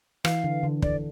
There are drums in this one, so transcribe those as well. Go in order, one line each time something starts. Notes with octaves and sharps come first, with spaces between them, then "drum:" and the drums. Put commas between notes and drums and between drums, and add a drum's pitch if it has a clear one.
E3 F5, drum: rim click
D3
D3
D5, drum: kick